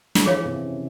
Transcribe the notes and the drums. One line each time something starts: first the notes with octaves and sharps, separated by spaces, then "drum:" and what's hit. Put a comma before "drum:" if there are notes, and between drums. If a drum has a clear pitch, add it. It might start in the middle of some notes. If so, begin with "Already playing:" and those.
F3, drum: snare
E3 G#4 C#5 F5
C3
C#3